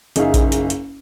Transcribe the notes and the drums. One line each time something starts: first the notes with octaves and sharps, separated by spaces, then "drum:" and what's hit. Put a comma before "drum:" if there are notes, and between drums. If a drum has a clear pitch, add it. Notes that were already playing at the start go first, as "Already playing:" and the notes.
F#1 D#4 G#4 E5 F5, drum: hi-hat
drum: kick A#1, hi-hat
drum: hi-hat
drum: hi-hat